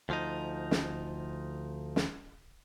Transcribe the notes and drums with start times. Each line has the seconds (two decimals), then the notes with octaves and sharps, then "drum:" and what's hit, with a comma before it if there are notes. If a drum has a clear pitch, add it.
0.09 D2 F3 D#4
0.71 drum: snare
1.96 drum: snare